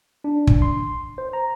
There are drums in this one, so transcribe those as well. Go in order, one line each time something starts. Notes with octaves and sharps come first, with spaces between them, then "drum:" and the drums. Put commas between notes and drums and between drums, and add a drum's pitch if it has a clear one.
D4
drum: kick
C6
C5
A#5